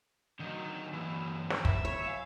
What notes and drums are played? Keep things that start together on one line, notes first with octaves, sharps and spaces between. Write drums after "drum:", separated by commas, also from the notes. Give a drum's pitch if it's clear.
D3 D#3 F#3 D#4
E3 A#3 B5
drum: snare
E5, drum: kick
C#5
F5 G#5